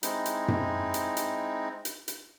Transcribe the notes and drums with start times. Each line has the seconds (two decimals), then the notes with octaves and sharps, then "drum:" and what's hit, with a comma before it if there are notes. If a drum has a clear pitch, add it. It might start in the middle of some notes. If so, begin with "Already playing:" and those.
0.03 G#3 C4 D#4 E4, drum: hi-hat
0.26 drum: hi-hat
0.48 drum: tom F#2
0.94 drum: hi-hat
1.17 drum: hi-hat
1.85 drum: hi-hat
2.08 drum: hi-hat